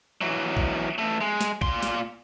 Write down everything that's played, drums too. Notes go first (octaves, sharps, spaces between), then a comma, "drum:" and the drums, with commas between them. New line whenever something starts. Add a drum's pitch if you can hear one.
E3 F#3
drum: kick A#1
E3 A3
G#3
drum: snare
A#2 C6, drum: kick A#1
drum: snare